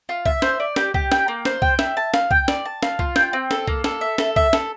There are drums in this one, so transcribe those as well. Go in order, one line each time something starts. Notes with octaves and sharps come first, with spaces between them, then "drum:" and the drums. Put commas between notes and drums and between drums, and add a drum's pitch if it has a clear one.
F4
E5, drum: kick
C5, drum: snare
D5
G4, drum: snare
G4, drum: kick
G5, drum: snare
A#3
C5, drum: snare
G5, drum: kick
E5, drum: snare
A5
F5, drum: snare
G5, drum: kick
D5, drum: snare
A5
F5, drum: snare
F4, drum: kick
G5, drum: snare
C4
A4, drum: snare
A#3, drum: kick
A4, drum: snare
E5
A4, drum: snare
E5, drum: kick
A4, drum: snare